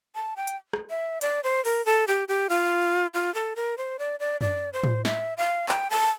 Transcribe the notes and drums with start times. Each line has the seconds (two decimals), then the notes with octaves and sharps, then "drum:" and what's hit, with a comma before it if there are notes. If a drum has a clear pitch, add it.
0.15 A5
0.37 G5
0.47 drum: hi-hat
0.73 drum: rim click
0.90 E5
1.21 D5, drum: hi-hat
1.44 C5
1.65 A#4, drum: open hi-hat
1.86 A4
2.07 G4
2.28 G4
2.49 F4
3.14 F4
3.35 A4
3.56 A#4
3.78 C5
3.99 D5
4.20 D5
4.41 D5, drum: tom F#2
4.73 C5
4.84 drum: tom A2
5.05 E5, drum: snare
5.37 F5
5.69 G5, drum: clap
5.90 A5